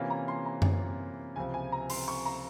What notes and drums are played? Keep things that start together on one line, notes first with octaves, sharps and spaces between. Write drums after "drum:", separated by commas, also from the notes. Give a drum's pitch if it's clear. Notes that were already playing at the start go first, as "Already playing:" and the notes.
Already playing: C3 E3 A#3 C#4 F4
A#5
C6
A#5
drum: tom F#2
C#2 C3 F3 C4 G#5
G#5
A#5
C6, drum: open hi-hat
C#6
A#5